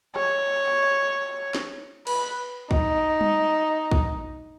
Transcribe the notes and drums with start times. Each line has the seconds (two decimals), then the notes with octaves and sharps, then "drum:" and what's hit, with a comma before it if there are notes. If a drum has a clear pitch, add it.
0.16 C#5, drum: rim click
1.55 drum: snare
2.07 B4, drum: cymbal
2.71 D#4, drum: kick
3.21 drum: tom G3
3.91 drum: kick